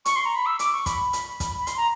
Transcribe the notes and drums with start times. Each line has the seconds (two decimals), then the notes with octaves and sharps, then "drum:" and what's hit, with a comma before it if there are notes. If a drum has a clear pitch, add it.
0.05 C#6, drum: hi-hat
0.16 C6
0.26 A#5
0.36 B5
0.46 E6
0.59 D6, drum: hi-hat
0.73 C#6
0.86 B5, drum: kick, hi-hat
1.13 drum: hi-hat
1.40 drum: kick, hi-hat
1.58 B5
1.67 C6, drum: hi-hat
1.77 A#5